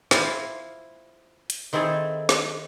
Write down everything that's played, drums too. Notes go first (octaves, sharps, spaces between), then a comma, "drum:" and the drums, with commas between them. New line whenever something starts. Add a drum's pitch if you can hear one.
E4 F4 C5 F5, drum: snare
drum: hi-hat
D#3 C4 E4 G#4 A4
drum: snare